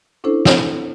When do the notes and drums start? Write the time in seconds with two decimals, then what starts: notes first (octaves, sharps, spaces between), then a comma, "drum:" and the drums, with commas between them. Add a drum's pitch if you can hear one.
0.24 C#4 D4 E4 A4 C5
0.45 drum: snare